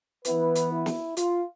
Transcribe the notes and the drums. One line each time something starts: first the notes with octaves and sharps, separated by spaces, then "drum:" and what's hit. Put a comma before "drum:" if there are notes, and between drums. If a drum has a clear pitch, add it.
E3 B3 E4 B4, drum: hi-hat
drum: hi-hat
E4
drum: snare
F4, drum: hi-hat